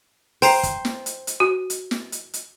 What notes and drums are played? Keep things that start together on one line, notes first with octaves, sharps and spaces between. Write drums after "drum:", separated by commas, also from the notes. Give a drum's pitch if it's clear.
C5 G5 A#5 C7, drum: open hi-hat
drum: kick, hi-hat
drum: snare
drum: hi-hat
drum: hi-hat
F#4
drum: hi-hat
drum: snare
drum: hi-hat
drum: hi-hat